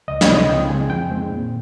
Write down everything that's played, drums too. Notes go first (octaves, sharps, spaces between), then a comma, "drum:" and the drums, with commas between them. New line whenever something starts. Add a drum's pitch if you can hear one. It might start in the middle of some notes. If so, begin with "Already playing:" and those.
C#2 D#5
C#5, drum: snare
C3 F3 G#3 C4
D#5
C#2 G5
C#3 G#3 C4 G#5
F2 G5
D#3 G#3 C4
A#2